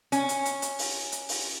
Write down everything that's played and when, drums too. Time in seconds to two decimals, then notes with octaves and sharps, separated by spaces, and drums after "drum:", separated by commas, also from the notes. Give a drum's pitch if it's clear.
0.12 C#4, drum: hi-hat
0.29 drum: hi-hat
0.45 drum: hi-hat
0.62 drum: hi-hat
0.79 drum: open hi-hat
1.12 drum: hi-hat
1.29 drum: open hi-hat